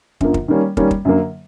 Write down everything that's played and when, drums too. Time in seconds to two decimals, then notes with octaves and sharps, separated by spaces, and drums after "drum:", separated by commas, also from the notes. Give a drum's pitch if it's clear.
0.21 F#2 D3 F3 A#3, drum: kick
0.34 drum: kick
0.48 D#3 G3 A#3 C#4
0.77 D#3 G3 A#3 C#4, drum: kick
0.91 drum: kick
1.05 F#2 D3 F#3 A#3